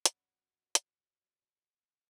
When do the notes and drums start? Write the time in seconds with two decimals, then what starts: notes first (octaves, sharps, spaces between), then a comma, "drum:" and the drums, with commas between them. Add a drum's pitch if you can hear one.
0.06 F#2 F#4 D5 F#5 B5, drum: hi-hat
0.75 drum: hi-hat